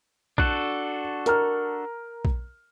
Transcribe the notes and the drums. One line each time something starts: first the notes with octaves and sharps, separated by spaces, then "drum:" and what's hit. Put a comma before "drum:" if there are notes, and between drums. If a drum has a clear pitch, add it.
D4 F#4 A4 F#6, drum: kick A#1
A#4 A#5 F6, drum: hi-hat
drum: kick A#1